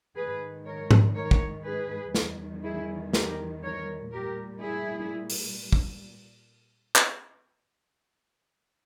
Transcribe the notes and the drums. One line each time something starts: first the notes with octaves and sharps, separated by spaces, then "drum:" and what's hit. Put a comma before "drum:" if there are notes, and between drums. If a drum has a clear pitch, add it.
G#2 D#3 G#3 G#4 B4
A#4 C#5
drum: tom G#2
A#4 C#5
drum: kick
G#4 B4
E2 D#3 G3, drum: snare
E4 G#4
G4 A#4, drum: snare
A#4 C#5
A#2 G3 G4 A#4
E4 G#4
drum: open hi-hat
drum: kick
drum: clap